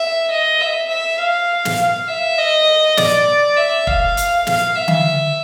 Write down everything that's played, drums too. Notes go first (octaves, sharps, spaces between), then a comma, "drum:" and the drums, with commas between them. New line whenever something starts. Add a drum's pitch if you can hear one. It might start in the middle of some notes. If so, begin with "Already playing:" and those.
Already playing: E5
D#5
E5
E5
F5
drum: snare
F5
E5
D#5
D5, drum: snare
E5
F5, drum: kick E1
drum: hi-hat
F5, drum: snare
E5
drum: tom D3